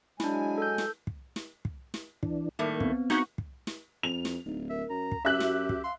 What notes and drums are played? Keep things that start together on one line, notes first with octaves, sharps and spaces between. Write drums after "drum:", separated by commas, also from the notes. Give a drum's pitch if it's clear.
F#3 G#3 D4 E4 G#5, drum: snare
A4 G6
drum: snare
drum: kick
drum: snare
drum: kick
drum: snare
E3 D4, drum: kick
A2 D#3 G3 A3 A#3
B3 C4, drum: kick
D#4 F#4 F#5 G#5 B5 G6, drum: snare
drum: kick
drum: snare
F2 F7
drum: snare
D1 D#4
A#4 E5
F#2 A#5
drum: kick
F#2 F#4 G4 E5 F#6
drum: snare
drum: kick
F5 C6